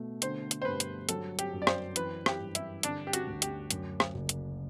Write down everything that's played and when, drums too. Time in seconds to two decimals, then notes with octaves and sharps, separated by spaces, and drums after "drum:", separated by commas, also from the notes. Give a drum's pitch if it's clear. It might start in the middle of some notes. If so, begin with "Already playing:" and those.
Already playing: B2 A3
0.22 D3 C5, drum: hi-hat
0.51 drum: hi-hat
0.62 C5
0.65 G2 B4
0.80 drum: hi-hat
1.09 F#3 A4, drum: hi-hat
1.39 G4, drum: hi-hat
1.53 F#2
1.62 D5
1.67 C5, drum: rim click
1.96 E3 B4, drum: hi-hat
2.26 G4, drum: rim click
2.40 G2
2.55 E4, drum: hi-hat
2.83 D3 D4, drum: hi-hat
3.07 G4
3.13 F#4, drum: hi-hat
3.27 D2
3.42 G4, drum: hi-hat
3.70 F#2, drum: hi-hat
4.00 drum: rim click
4.14 F#1
4.29 drum: hi-hat